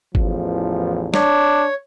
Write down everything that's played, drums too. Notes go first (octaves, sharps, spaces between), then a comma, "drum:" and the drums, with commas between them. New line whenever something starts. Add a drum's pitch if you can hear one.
A1 E2 F3, drum: kick G1
D4 C#5, drum: snare